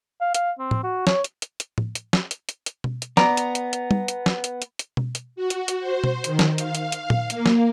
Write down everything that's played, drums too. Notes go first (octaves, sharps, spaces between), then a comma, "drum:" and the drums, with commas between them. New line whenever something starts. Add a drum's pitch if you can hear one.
F5
F5, drum: hi-hat
C4
drum: tom A2
F#4
C#5, drum: snare
drum: hi-hat
drum: hi-hat
drum: hi-hat
drum: tom A2
drum: hi-hat
drum: snare
drum: hi-hat
drum: hi-hat
drum: hi-hat
drum: tom B2
drum: hi-hat
B3 D5 A#5, drum: snare
drum: hi-hat
drum: hi-hat
drum: hi-hat
drum: tom G3
drum: hi-hat
drum: snare
drum: hi-hat
drum: hi-hat
drum: hi-hat
drum: tom B2
drum: hi-hat
F#4
drum: hi-hat
drum: hi-hat
C5
drum: tom B2
D#3, drum: hi-hat
drum: snare
F5, drum: hi-hat
drum: hi-hat
drum: hi-hat
drum: tom A#2
A#3, drum: hi-hat
drum: snare